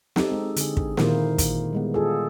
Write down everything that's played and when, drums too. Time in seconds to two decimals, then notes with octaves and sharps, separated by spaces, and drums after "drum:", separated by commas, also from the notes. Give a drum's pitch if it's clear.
0.16 C4 D#4 G4 A4, drum: snare
0.32 G#3
0.56 D3 G#4, drum: hi-hat
0.77 drum: kick
0.97 A#2 D#3 A#3 E4 A#4 C5, drum: snare
1.38 drum: kick, hi-hat
1.73 G3 G#3 B3
1.94 F4 G#4 A4